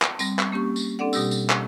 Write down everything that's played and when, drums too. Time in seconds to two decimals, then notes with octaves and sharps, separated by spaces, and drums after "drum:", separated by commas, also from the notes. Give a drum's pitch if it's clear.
0.02 drum: clap
0.19 G3 C4, drum: tambourine
0.39 drum: clap
0.52 A#3 C#4 G4 C#6
0.76 drum: tambourine
0.99 C4 D4 A4 D5 F#5
1.13 B2 G3 G4 E6, drum: tambourine
1.31 drum: tambourine
1.50 drum: clap